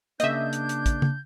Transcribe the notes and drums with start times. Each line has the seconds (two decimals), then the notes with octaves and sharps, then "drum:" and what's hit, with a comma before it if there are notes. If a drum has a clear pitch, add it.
0.20 C#3 A#3 D4 D#5 E5 G6, drum: hi-hat
0.53 drum: hi-hat
0.69 drum: hi-hat
0.86 drum: kick, hi-hat
1.02 drum: tom C#3